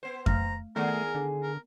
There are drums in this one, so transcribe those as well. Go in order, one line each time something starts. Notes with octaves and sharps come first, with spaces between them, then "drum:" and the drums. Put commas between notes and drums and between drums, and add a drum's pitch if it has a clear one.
B3 C5
A3 A#5, drum: kick F2
D#3 A3 B3 G#4 A#4 D5 F#5
D3
A#4